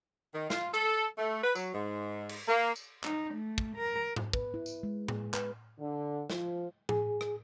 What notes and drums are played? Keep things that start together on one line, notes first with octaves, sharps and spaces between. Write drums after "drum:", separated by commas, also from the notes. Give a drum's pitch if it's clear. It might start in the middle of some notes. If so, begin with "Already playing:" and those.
D#3
F4, drum: snare
A4, drum: hi-hat
A3
B4
F#3, drum: tambourine
G#2
drum: cymbal
A#3
drum: tambourine
D#4, drum: clap
A3
drum: kick
A#4
drum: tom G#2
B4, drum: kick
E4
drum: tambourine
G#3
G#4, drum: tom A2
B4, drum: clap
D3
F3, drum: snare
G#4, drum: tom A2
drum: rim click